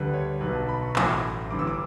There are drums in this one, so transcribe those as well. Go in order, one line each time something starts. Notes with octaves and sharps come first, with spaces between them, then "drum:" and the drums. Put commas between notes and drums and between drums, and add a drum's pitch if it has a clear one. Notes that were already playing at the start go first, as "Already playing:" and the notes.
Already playing: D2 D3 G3 B4
C#5
B1 B2 F#3 B4
A5
B5
C#6
A1 A2 F#3 C#6, drum: clap
G1 G2 E3 D6
E6
D6